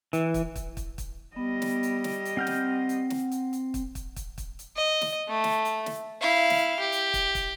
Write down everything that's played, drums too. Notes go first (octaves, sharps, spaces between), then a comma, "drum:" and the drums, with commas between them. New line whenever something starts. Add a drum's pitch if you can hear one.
E3, drum: hi-hat
drum: kick, hi-hat
drum: kick, hi-hat
drum: kick, hi-hat
drum: kick, hi-hat
G3 B3 D#5
drum: snare
drum: hi-hat
drum: snare
drum: hi-hat
C4 F#5 F6 G6
drum: snare
drum: hi-hat
drum: snare
drum: hi-hat
drum: hi-hat
drum: kick, hi-hat
drum: kick, hi-hat
drum: kick, hi-hat
drum: kick, hi-hat
drum: hi-hat
D#5
drum: snare
A3
drum: snare
drum: hi-hat
drum: snare
E4 F5
drum: snare
G4
drum: hi-hat
drum: kick, hi-hat
drum: kick, hi-hat